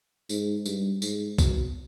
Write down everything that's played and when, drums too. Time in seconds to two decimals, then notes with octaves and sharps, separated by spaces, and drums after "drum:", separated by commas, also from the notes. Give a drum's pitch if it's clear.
0.30 G#2, drum: tambourine
0.66 G2, drum: tambourine
1.02 G#2, drum: tambourine
1.38 B2, drum: kick B1, tambourine